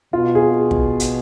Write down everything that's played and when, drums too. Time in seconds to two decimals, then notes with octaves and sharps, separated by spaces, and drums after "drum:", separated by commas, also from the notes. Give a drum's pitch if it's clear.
0.13 B2 F4
0.35 G#4
0.71 drum: kick
1.00 drum: hi-hat